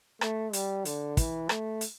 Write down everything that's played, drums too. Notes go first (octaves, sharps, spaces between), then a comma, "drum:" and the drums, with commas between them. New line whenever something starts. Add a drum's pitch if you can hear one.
A3, drum: rim click
G3, drum: hi-hat
D3, drum: hi-hat
E3, drum: kick, hi-hat
A3, drum: rim click
drum: hi-hat